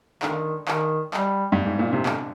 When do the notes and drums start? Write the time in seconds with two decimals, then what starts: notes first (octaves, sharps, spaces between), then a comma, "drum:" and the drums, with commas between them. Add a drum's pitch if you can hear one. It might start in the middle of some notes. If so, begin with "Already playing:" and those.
0.22 D3 D#3, drum: clap
0.68 D#3, drum: clap
1.14 G3, drum: clap
1.52 G2
1.66 G#2
1.79 A#2
1.93 C3
2.06 D3, drum: clap